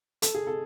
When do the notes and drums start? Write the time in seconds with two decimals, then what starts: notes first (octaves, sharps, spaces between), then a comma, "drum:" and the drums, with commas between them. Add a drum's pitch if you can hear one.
0.22 A4, drum: hi-hat
0.35 G#4
0.47 A4